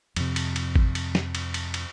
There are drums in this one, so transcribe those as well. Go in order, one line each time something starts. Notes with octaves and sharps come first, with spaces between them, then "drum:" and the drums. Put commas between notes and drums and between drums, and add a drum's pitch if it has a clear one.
F2 C3, drum: cymbal
drum: cymbal
drum: cymbal
drum: kick G#1
drum: cymbal
drum: snare
drum: cymbal
drum: cymbal
drum: cymbal